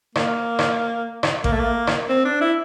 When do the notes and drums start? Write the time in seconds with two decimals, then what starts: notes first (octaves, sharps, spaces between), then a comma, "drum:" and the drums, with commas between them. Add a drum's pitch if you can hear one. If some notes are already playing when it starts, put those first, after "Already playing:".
0.15 A#3, drum: rim click
0.59 drum: rim click
1.23 drum: rim click
1.44 A#3, drum: kick A1
1.52 A3
1.59 A#3
1.87 drum: rim click
2.09 C4
2.25 D4
2.41 E4